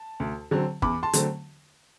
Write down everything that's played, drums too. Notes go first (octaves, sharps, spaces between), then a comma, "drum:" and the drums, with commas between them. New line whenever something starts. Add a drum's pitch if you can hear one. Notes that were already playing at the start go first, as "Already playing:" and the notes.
Already playing: A5
D2
D3 F#3 C4
E2 B5 D6, drum: kick
A5 C6
D3 F#3 A3 C4, drum: hi-hat